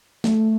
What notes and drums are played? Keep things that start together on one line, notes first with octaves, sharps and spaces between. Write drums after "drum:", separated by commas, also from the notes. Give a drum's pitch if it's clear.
A3, drum: snare